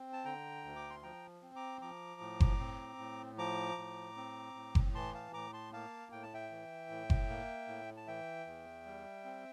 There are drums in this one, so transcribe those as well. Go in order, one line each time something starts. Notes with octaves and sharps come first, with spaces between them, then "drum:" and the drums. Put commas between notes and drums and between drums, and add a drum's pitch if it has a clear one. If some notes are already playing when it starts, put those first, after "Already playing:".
Already playing: C4
A5
D3 G5 A#5
D2
D6
C6
F3 G5 A#5
C4
A#5 D6
F3 A#5 D6
A2
drum: kick F#1
C4
A2
F3 A#5 D6
A2
C4
A2
drum: kick F#1
E3 A5 C6
F5 A5
A2 A#5 D6
A5 C6
A#3 F5 A5
A2 G5
A5
E5 G5
E3
A2
drum: kick F#1
A#3
A2
A5
E3 E5 G5
E2
G3
C4